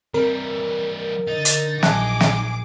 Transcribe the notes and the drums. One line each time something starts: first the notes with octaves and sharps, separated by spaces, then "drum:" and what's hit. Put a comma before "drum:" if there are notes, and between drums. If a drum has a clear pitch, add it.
E3 G3 C4 A#4
D3 D#4 A6
drum: hi-hat
A#1 F#3 G#4 A5 D6 F#6, drum: snare
drum: snare